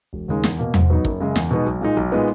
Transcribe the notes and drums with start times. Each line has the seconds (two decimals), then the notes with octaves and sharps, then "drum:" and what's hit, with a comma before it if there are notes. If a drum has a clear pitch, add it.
0.13 E1
0.28 D#2 C#3 G#3 D#4
0.44 E2, drum: snare
0.59 B2 A#3
0.74 G#2, drum: tom E2
0.90 F#3 B3 D#4
1.05 F#1, drum: kick
1.20 F#2 C#3 G#3
1.36 E2, drum: snare
1.51 B2 G#3 B3 D#4
1.66 B1
1.81 A#2 G#3 D#4
1.97 B1
2.12 A#2 G#3 B3 D#4